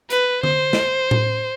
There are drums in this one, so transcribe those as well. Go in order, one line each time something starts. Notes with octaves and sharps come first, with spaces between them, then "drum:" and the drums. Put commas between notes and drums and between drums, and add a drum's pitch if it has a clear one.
B4, drum: hi-hat
C5, drum: tom D3
drum: snare
drum: tom A2